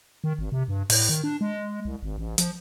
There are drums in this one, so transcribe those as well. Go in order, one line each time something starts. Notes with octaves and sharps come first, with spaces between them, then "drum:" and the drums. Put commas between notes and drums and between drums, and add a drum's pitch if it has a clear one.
D#3
G#1
C3
G2
A2, drum: open hi-hat
D#3
D4
G#3
C2
G#1
A1
F3, drum: hi-hat